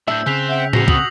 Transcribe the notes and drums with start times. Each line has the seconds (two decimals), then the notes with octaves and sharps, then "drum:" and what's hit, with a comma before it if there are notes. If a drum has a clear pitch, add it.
0.08 A2 D4 E5 E6 G6
0.26 C#3 C4 F#6 B6 F7
0.48 E5 F#5 G5
0.73 C3 B3 F#4 G#4 C5 A#6 C7 F7, drum: tom A2
0.88 F#4 D#6 F7 F#7, drum: kick